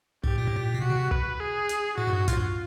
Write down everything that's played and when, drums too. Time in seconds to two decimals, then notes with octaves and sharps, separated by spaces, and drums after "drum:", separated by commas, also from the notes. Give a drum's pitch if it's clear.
0.24 G#2 G4, drum: kick
0.38 A#2
0.47 A2
0.56 A#2
0.74 B2
0.81 C3 F#4
0.90 C#3
0.96 C3
1.11 B4, drum: kick
1.40 G#4
1.69 drum: hi-hat
1.98 A2 F#4
2.07 G#2
2.13 G2
2.28 A2 F4, drum: kick, hi-hat
2.33 G#2
2.37 G2